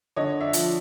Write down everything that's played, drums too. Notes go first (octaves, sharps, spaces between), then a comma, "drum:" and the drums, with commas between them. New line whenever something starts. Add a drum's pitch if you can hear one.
D3 C#5 D#5
D5 E5
F3, drum: hi-hat